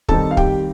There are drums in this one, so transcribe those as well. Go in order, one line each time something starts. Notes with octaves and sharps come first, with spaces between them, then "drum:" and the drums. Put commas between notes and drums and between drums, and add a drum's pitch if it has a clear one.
D#3 G3 C4 D#4 A4 A5, drum: kick
F5
G4 G5, drum: kick